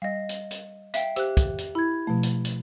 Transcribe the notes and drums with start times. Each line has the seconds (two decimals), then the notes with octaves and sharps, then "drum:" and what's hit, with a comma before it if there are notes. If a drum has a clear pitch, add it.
0.02 G3 D#5 F5
0.29 drum: hi-hat
0.51 drum: hi-hat
0.94 E5 F5 G5, drum: hi-hat
1.16 G4 C5 E6 F#6, drum: hi-hat
1.37 drum: kick, hi-hat
1.58 drum: hi-hat
1.75 E4 B5 G#6
2.07 B2 F3 A3
2.23 drum: hi-hat
2.45 drum: hi-hat